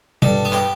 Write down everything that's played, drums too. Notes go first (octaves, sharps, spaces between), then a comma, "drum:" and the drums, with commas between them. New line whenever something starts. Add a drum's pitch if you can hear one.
G2 A4, drum: tom B2
B3
G4, drum: clap